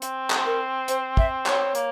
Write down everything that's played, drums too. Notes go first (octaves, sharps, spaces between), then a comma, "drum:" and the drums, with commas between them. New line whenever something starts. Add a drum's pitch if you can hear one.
C4, drum: hi-hat
drum: clap
A#4
C5, drum: hi-hat
E5, drum: kick
C#5, drum: clap
A#3, drum: hi-hat